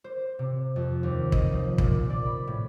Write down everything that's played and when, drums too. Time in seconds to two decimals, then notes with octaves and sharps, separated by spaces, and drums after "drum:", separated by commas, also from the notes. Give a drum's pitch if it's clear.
0.04 C5
0.39 C3
0.76 F2
1.03 D#2
1.32 D#5, drum: kick
1.52 F3
1.78 A#2, drum: kick
1.95 A#2
2.10 D5
2.26 B5
2.48 A2